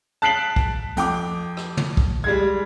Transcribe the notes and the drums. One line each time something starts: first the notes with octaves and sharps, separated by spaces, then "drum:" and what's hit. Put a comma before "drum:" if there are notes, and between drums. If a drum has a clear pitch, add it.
A5 F#6 B6 C7 D7 F#7
drum: kick
F2 G5 D6, drum: hi-hat
drum: rim click
drum: tom
drum: kick
G3 G#3 G#6